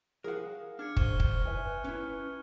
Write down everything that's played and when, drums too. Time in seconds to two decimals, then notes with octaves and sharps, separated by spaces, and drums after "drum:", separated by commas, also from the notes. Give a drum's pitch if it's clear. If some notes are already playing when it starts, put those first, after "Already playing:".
0.24 G#4 A#4 F5 F#5
0.79 D4 F6 G#6 C#7
0.97 C5 C#6 D#7 G7, drum: kick
1.20 drum: kick
1.45 B4 E5 G#5
1.84 C#4 E4